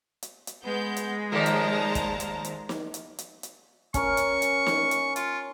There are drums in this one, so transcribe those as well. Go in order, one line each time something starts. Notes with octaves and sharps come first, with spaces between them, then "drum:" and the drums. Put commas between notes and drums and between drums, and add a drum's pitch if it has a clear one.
drum: hi-hat
drum: hi-hat
G#3 B3 G6
drum: hi-hat
D#2 D#3 F3 A#4 C5 D5 A5 A#5
drum: hi-hat
drum: kick, hi-hat
drum: hi-hat
drum: hi-hat
drum: snare
drum: hi-hat
drum: hi-hat
drum: hi-hat
C#4 A#4 C#6, drum: kick, hi-hat
drum: hi-hat
drum: hi-hat
drum: snare
drum: hi-hat
F4, drum: hi-hat